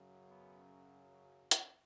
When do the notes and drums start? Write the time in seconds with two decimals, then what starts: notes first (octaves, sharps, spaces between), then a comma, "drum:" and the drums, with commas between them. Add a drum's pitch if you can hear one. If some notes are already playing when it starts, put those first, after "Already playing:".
Already playing: F#2 C#3 F#3
0.27 B3
1.51 C#4, drum: hi-hat